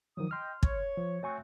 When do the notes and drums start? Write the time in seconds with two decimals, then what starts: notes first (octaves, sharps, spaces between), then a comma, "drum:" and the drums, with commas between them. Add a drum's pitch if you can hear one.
0.17 D#3 F3 F#3 D#6
0.31 D#5 G5 C6 F6
0.63 C#5, drum: kick
0.97 F3
1.23 A3 C4 F#4 C#5 G#5 C#6